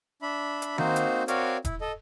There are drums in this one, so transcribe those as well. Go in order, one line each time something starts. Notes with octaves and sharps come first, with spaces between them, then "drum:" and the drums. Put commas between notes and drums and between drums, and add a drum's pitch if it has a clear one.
D4 E5 B5
drum: hi-hat
A#3 C4 D#4 F#4 C5, drum: tom D#3
drum: hi-hat
C4 F#4 A#4 C#5 D5 F5, drum: hi-hat
E4, drum: kick E1, hi-hat
A4 D#5